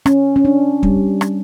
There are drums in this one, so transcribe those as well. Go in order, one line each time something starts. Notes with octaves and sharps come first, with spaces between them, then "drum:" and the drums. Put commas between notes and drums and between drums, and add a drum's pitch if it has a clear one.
C#4, drum: rim click
C#4
D4
G3, drum: kick
drum: rim click